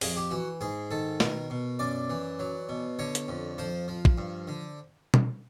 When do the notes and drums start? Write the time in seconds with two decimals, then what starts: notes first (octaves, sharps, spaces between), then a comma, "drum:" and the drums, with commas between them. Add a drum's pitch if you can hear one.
0.01 F2 G#4, drum: open hi-hat
0.16 G4
0.31 E3 F#4
0.61 G#2 G#4
0.91 D#3 A4
1.20 B2 A#4, drum: snare
1.50 B2
1.79 F#2 D5
2.10 E3
2.39 F#3
2.69 B2
2.99 D3 C#5
3.15 drum: hi-hat
3.28 F2
3.58 F3 C5
3.88 F3
4.05 drum: kick
4.18 G2
4.47 D3
5.14 drum: tom B2